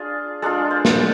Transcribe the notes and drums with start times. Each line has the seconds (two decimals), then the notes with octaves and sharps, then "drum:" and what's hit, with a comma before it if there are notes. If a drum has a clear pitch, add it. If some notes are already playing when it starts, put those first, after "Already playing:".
Already playing: D4 F4 G#4
0.42 G#3 D4 F4 A4
0.71 C5
0.85 drum: snare